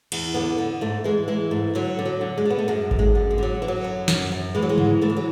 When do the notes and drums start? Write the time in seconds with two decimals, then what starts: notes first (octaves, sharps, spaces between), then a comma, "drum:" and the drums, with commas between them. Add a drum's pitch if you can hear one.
0.12 E2, drum: cymbal
0.34 D3 B3
0.58 D3
0.81 G#2 A3
1.04 E3 G#3
1.28 E3 G#3
1.51 G#2 A3
1.75 D3 F#3
1.99 D3
2.05 F#3
2.21 D3
2.38 G#3
2.45 D3 B3
2.59 A3
2.68 F#2 G#3
2.91 F#2, drum: kick G#1
2.99 G#3
3.15 D3
3.31 G#3
3.38 D3 F#3
3.62 E3
3.68 F#3
3.84 F#2
4.08 F#2, drum: snare
4.32 F#2
4.55 E3 G#3
4.62 F#3
4.69 G#3
4.78 G#2, drum: tom C#3
5.01 E3 A3
5.10 G#3
5.17 F#3